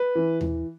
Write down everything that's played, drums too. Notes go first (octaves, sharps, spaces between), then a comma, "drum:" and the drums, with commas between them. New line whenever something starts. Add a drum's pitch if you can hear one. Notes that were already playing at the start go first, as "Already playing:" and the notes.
Already playing: B4
E3
E3, drum: tom D#2